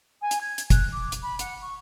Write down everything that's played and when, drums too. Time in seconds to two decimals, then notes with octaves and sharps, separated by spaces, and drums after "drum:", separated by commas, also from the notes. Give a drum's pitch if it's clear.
0.21 G#5
0.31 drum: hi-hat
0.41 G#6
0.58 drum: hi-hat
0.70 F#6, drum: kick, hi-hat
0.92 D6
1.12 drum: hi-hat
1.22 B5
1.39 F#5, drum: hi-hat
1.61 C#6